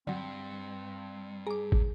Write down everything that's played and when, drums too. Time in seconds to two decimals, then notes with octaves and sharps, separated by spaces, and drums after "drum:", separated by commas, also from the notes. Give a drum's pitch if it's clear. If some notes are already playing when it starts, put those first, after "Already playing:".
0.07 G2 D3 F#3 C4
1.47 G#4 A#5 D6
1.72 drum: kick